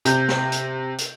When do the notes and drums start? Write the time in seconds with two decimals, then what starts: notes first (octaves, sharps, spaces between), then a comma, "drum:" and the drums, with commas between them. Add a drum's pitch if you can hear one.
0.05 C3 G6, drum: hi-hat
0.29 drum: snare
0.52 drum: hi-hat
0.98 drum: hi-hat